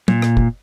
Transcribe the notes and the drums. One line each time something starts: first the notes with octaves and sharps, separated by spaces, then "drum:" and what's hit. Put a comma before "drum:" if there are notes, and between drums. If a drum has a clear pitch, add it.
A#2, drum: tom
drum: rim click
drum: kick